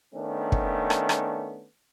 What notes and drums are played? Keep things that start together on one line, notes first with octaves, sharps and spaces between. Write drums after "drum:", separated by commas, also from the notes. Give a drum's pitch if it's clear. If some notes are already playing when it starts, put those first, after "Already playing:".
D#3 A3 B3 C#4 D4
drum: kick
drum: rim click
drum: rim click